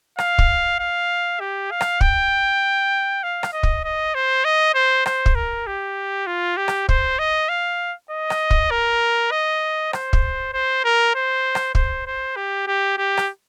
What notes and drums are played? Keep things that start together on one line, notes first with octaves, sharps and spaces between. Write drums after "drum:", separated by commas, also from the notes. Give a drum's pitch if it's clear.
F5, drum: rim click
drum: kick
F5
G4
F5
drum: rim click
G5, drum: kick
F5
drum: rim click
D#5
drum: kick
D#5
C5
D#5
C5
C5, drum: rim click
drum: kick
A#4
G4
F4
G4
drum: rim click
C5, drum: kick
D#5
F5
D#5
drum: rim click
drum: kick
A#4
D#5
C5, drum: rim click
drum: kick
C5
A#4
C5
drum: rim click
C5, drum: kick
C5
G4
G4
G4
drum: rim click